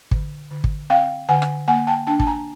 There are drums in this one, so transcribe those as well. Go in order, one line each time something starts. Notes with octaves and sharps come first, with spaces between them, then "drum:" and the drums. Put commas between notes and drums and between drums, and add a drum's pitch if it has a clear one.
D3, drum: kick
D3
drum: kick
C4 F5 G5
D3 F#5 G#5
drum: rim click
A#3 F#5 G#5
G5 A5
D4 G5 A5
A5, drum: kick
G#5 A#5